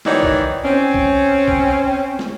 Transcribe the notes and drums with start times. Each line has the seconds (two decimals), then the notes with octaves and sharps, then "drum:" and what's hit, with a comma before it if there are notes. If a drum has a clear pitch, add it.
0.05 D#3 E3 D#4 F#4 C#5 D5, drum: snare
0.23 drum: kick
0.64 C4 C#4
0.94 drum: kick
1.48 drum: kick
2.19 drum: snare